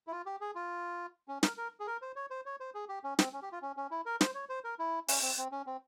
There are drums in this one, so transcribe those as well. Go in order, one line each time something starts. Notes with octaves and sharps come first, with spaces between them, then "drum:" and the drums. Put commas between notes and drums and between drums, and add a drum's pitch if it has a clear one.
E4
F4
G4
G#4
F4
C#4
A#4, drum: snare
A#4
G#4
A#4
C5
C#5
C5
C#5
C5
G#4
G4
C#4
C4, drum: snare
C#4
G4
F4
C#4
C#4
E4
A#4
C5, drum: snare
C#5
C5
A#4
E4
C#4, drum: open hi-hat
C4
C4
C#4
C4